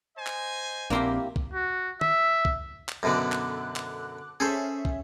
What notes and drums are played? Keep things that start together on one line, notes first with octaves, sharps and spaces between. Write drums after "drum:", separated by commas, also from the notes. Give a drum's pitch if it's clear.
C5 D#5 G#5
drum: clap
A#1 A#3 C4 D4 E4 G4 A#4 C6
drum: kick
F#4
E5, drum: tom
drum: kick
drum: clap
F#2 B2 D3 A4 D6 F#6
drum: clap
drum: clap
C#4 G#4 A4 C5 E5
drum: kick